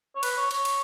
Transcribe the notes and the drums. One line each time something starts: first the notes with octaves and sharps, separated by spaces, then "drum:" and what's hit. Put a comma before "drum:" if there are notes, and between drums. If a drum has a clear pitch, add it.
C#5
B4, drum: cymbal
C#5
C#5, drum: cymbal
drum: cymbal